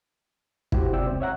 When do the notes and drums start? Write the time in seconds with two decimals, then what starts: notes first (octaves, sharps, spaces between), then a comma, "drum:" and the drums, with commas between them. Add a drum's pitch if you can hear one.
0.72 E4 F#4 G4 C5, drum: kick
0.93 C3 F4 D5 G5 E6
1.07 C#2 C4
1.20 C#5 E5 F#5 A#5